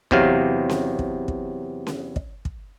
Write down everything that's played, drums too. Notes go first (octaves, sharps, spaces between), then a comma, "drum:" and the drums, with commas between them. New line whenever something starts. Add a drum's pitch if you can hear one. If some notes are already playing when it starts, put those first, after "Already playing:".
E2 C3 F#3 F5, drum: kick
drum: snare C#4
drum: kick
drum: kick
drum: snare C#4
drum: kick
drum: kick